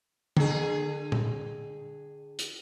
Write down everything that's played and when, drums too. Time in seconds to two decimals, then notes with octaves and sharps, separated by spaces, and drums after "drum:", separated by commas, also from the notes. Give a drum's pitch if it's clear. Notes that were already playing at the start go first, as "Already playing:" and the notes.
0.37 D3 G#4, drum: tom
1.12 drum: tom
2.39 drum: hi-hat